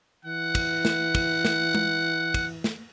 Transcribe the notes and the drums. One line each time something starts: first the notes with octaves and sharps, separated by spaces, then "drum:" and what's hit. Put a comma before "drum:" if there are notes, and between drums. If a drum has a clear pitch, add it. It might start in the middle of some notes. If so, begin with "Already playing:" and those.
E3 F#5
drum: kick, cymbal
drum: snare
drum: kick, cymbal
drum: snare
drum: tom G#3
drum: kick, cymbal
drum: snare